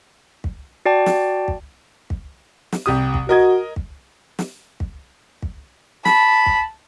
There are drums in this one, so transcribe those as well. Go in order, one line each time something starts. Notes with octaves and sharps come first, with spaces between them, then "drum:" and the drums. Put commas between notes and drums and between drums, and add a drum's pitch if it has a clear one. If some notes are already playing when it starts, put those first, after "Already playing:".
drum: kick
F#4 D5 G5 A5
drum: snare
drum: kick
drum: kick
drum: snare
C2 G4 D#6
drum: kick
F#4 A#4 D#5 G#6
drum: kick
drum: snare
drum: kick
drum: kick
A5 B5, drum: snare
drum: kick